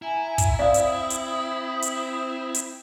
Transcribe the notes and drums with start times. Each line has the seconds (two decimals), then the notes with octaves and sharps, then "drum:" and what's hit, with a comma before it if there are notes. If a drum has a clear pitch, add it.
0.02 E4 G#5 A#5
0.38 drum: kick, hi-hat
0.59 C4 D5 F5 D#6
0.74 drum: hi-hat
1.10 drum: hi-hat
1.82 drum: hi-hat
2.54 drum: hi-hat